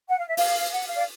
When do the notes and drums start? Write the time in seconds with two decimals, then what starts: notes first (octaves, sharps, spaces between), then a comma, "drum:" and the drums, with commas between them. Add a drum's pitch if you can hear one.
0.09 F#5
0.18 F5
0.28 E5
0.37 F5, drum: open hi-hat
0.72 F#5
0.87 F5
0.95 D5